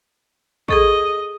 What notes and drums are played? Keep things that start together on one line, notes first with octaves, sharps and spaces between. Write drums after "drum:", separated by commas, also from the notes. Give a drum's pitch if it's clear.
G#4 A4 D#5 C#6, drum: kick